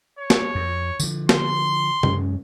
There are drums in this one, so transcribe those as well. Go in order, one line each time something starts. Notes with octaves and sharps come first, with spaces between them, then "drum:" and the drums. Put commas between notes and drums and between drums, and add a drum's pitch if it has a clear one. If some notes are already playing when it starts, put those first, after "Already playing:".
C#5
drum: snare
F2
D3 F3, drum: tambourine
C6, drum: snare
F#2 G#3 C#4, drum: tom C3